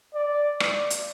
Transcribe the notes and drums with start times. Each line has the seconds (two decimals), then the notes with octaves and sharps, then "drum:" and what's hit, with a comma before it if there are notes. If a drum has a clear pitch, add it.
0.14 D5
0.60 D5, drum: rim click
0.90 drum: hi-hat